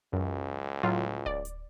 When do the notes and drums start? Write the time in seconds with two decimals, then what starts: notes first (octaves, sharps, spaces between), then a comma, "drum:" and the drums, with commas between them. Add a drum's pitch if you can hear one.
0.13 C#2 F#2
0.83 A2 F#3 F4
1.26 D5, drum: kick D1
1.45 drum: hi-hat